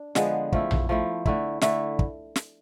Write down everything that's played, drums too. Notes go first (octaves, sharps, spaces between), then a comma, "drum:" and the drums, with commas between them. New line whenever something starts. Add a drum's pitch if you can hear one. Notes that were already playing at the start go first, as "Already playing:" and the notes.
Already playing: D4
D3 F3 G#3 B3, drum: snare
F3 A3 E4, drum: kick
drum: tom A#1
F3 A3 E4
D3 A3 E4, drum: kick
D3 A3 E4, drum: snare
drum: kick
drum: snare